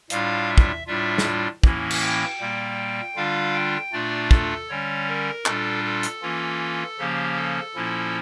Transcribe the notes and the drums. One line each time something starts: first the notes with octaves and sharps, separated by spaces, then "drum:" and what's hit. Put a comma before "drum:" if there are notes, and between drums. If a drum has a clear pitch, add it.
A2 G3 D4 F4 F5, drum: hi-hat
E5
drum: kick
A2 G3 D4 F4 E5
drum: snare
A2 E3 A#3 C#4 E4, drum: kick
drum: cymbal
G5
A#2 G3 A#3
D3 G3 D4 F4 F5
G5
A#2 A3 D4 F4 D5
A4, drum: kick
D3 G3 C#4 C#5
A#4
A#2 G3 D4 F4 A4, drum: clap
A4
drum: hi-hat
E3 A#3 C#4 F4
C#3 F3 A#3 C#4 G4
A4
A#2 F3 A#3 C#4 E4